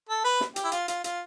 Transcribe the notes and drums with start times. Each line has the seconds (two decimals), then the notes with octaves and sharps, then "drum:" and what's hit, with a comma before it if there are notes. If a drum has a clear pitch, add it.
0.09 A4
0.24 B4
0.41 drum: snare
0.56 G4, drum: hi-hat
0.64 E4
0.72 F4, drum: hi-hat
0.88 F4, drum: hi-hat
1.04 F4, drum: hi-hat